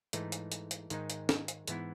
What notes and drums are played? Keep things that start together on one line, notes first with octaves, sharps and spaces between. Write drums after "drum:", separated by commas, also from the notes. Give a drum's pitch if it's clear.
G#2 E3 A3 D#4, drum: hi-hat
drum: hi-hat
drum: hi-hat
drum: hi-hat
G#2 D#3 G#3 D#4, drum: hi-hat
drum: hi-hat
drum: snare
drum: hi-hat
G#2 E3 B3 E4, drum: hi-hat